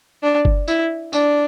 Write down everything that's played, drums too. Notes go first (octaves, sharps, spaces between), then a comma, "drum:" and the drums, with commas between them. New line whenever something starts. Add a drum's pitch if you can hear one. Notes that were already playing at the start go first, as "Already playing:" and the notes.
D4
drum: kick F#1
E4, drum: tambourine
D4, drum: tambourine